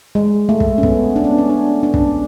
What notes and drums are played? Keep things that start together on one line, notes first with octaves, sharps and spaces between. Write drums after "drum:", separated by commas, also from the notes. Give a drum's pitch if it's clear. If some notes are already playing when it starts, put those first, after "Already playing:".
G#3
A3
drum: kick
C#4
B3, drum: kick
D4
C#4
B3
C#4
D4
D4
drum: kick